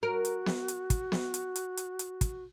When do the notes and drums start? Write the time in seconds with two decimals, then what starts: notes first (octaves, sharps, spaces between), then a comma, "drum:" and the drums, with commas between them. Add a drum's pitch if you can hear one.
0.03 F#4 A#4
0.25 drum: hi-hat
0.46 drum: snare B3
0.68 drum: hi-hat
0.90 drum: kick, hi-hat
1.12 drum: snare B3
1.34 drum: hi-hat
1.56 drum: hi-hat
1.77 drum: hi-hat
1.99 drum: hi-hat
2.21 drum: kick, hi-hat